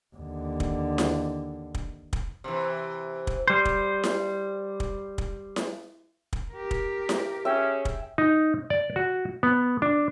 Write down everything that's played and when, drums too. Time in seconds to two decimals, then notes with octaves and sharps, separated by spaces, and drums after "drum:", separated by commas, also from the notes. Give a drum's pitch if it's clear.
0.16 D#2 D3
0.60 drum: kick
0.98 drum: snare E4
1.74 drum: kick
2.13 drum: kick
2.44 C3 E3
3.27 drum: kick
3.48 G3 C5
3.65 drum: kick
4.04 drum: snare E4
4.80 drum: kick
5.18 drum: kick
5.56 drum: snare E4
6.33 drum: kick
6.52 G4 A#4
6.71 drum: kick
7.09 drum: snare E4
7.45 C#4 G#4 E5 G5
7.85 drum: kick
8.18 D#4
8.70 D5
8.96 F#4
9.43 B3
9.82 D4